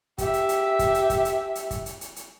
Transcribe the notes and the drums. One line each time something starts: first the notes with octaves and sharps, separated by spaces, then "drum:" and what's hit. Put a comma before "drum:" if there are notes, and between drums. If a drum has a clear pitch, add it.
G4 E5, drum: kick, hi-hat
drum: hi-hat
drum: hi-hat
drum: kick, hi-hat
drum: hi-hat
drum: kick, hi-hat
drum: hi-hat
drum: hi-hat
drum: kick, hi-hat
drum: hi-hat
drum: hi-hat
drum: hi-hat